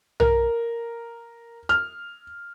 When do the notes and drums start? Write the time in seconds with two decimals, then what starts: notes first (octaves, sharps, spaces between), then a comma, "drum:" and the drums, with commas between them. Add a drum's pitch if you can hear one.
0.20 A#4, drum: tom B1
1.69 F6